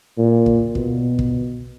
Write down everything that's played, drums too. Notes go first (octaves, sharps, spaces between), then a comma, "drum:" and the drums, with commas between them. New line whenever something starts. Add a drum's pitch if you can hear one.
A#2
drum: kick
B2, drum: kick
drum: kick